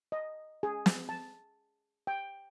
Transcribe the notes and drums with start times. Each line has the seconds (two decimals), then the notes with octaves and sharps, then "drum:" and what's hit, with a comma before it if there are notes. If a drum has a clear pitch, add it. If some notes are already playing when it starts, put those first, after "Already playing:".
0.12 D#5
0.63 G#4
0.86 drum: snare
1.09 A5
2.07 G5